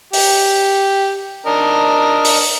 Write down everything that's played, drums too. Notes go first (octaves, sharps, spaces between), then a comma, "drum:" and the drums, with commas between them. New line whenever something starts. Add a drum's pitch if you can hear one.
G4, drum: open hi-hat
D4 A#4 D#5
drum: open hi-hat